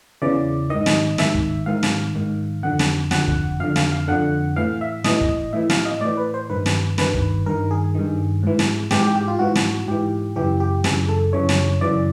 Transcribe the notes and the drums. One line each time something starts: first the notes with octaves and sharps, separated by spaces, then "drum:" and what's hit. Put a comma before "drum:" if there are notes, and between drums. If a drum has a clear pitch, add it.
E2 C#3 E3 D5
G#2 D#3 D#5
drum: snare
G#2 D#3 E5, drum: snare
drum: kick
G#2 D#3 F5
drum: snare
G#2 D#3
F2 D3 F#5
drum: snare
F2 D3 F#5, drum: snare
drum: kick
F2 D3 F5
F5, drum: snare
F5
F2 D3 F#5
A2 E3 F5
E5
A2 E3 D#5, drum: snare
drum: kick
A2 E3 E5
F5, drum: snare
D#5
A2 E3 D5
B4
C5
G2 D#3 B4
drum: snare
G2 D#3 B4, drum: snare
drum: kick
G2 D#3 A#4
G#4
G2 D#3
G#2 E3
drum: snare
G#2 E3 G4, drum: snare
G4
G4
F4
G#2 E3 F#4
drum: snare
G#2 E3 G4
F#2 C#3 E3 G4
G4
F#2 C#3 E3 G#4, drum: snare
A4
F#2 C#3 E3 C#5
drum: snare
F#2 C#3 E3 D5